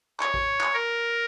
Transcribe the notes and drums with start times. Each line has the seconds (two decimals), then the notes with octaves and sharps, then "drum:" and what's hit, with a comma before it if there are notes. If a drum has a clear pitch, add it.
0.20 C#5, drum: clap
0.34 drum: kick A1
0.60 drum: clap
0.74 A#4